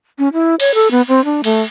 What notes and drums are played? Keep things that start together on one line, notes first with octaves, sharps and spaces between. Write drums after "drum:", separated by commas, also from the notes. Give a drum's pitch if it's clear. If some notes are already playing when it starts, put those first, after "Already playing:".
C#4
E4
C#5, drum: cymbal
A4
B3
C4
D4
A3, drum: cymbal